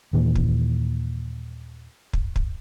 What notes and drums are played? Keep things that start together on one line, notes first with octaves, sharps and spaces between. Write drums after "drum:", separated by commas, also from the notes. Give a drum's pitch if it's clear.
D#2 A#2 E3
drum: kick
drum: kick
drum: kick